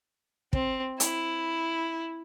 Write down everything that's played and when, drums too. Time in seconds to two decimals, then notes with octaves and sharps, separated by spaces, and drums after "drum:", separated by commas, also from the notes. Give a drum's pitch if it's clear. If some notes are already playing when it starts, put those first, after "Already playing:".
0.53 C4, drum: kick
1.00 E4, drum: hi-hat